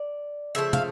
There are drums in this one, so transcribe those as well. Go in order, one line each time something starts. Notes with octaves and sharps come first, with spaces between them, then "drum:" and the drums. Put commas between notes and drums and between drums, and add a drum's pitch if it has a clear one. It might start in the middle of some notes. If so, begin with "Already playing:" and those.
Already playing: D5
C#3 F3 A3 E5
F5, drum: tom